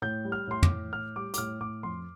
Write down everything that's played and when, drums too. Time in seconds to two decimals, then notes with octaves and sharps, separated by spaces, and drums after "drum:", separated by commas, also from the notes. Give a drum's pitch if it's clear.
0.02 A2 G6
0.25 G3
0.32 F6
0.47 A2 C6
0.63 D6, drum: tom
0.70 A2
0.93 A2 F6
1.16 G3 D6
1.34 D6, drum: hi-hat
1.38 A2 F6
1.60 A2 D6
1.83 F2 C6